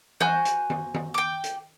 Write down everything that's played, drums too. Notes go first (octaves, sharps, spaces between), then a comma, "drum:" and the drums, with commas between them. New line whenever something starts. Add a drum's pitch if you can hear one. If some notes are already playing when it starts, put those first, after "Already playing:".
F#4 C5 G#5 G6, drum: tom E3
drum: hi-hat
drum: tom D#3
drum: tom D#3
G5 D6
drum: hi-hat